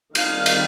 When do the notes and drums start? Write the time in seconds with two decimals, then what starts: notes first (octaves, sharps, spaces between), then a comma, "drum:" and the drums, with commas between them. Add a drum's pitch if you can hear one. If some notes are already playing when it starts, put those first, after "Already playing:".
0.15 D#3 G3 C4 F5, drum: cymbal
0.46 drum: cymbal